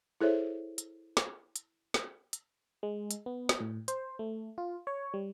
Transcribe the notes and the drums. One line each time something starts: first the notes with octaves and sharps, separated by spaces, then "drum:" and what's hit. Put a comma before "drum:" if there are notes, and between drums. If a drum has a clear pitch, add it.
E4 G#4 A4 C5 C#5 E5
drum: hi-hat
drum: snare
drum: hi-hat
drum: snare
drum: hi-hat
G#3
drum: hi-hat
B3
drum: snare
A2
C5, drum: hi-hat
A3
F4
C#5
G3